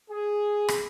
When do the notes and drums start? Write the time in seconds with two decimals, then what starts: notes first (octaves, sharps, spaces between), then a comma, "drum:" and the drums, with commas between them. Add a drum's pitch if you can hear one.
0.10 G#4
0.68 drum: rim click